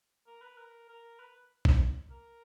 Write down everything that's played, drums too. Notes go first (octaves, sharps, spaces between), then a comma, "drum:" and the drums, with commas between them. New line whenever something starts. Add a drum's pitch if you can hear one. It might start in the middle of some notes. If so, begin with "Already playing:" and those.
A#4
B4
A#4
A#4
B4
drum: kick
A#4